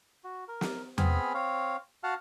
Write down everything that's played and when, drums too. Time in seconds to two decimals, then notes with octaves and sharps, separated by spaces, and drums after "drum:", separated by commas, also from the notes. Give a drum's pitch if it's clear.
0.24 F#4
0.48 A#4
0.61 drum: snare
0.98 B3 C4 G#4 G#5 B5 F6, drum: tom E2
1.34 C4 C#5 F5
2.03 F#4 F5 F#5 A5 F6